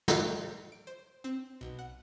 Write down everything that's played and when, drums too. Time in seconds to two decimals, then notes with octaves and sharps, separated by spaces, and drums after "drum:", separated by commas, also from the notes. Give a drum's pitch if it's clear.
0.08 drum: snare
0.19 C#5
0.72 D7
0.87 C5
1.24 C4
1.61 B1
1.79 F#5